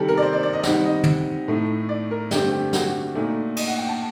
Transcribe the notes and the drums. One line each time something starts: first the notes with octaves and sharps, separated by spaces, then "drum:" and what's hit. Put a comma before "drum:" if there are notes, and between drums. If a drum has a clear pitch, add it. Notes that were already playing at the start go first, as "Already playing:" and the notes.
Already playing: C3 D#3 G3 G4 A4
A#4
D5
C5
D5
D5
D#5
D#3 G3 C4 D#4 F#5, drum: snare
D#5
drum: tom
A2 A3 D#4
D5
A#4
G2 D3 A3 C4 G4, drum: snare
G4
F#4, drum: snare
A#2 A3 D#4
D#5, drum: cymbal
F#5
G5
A5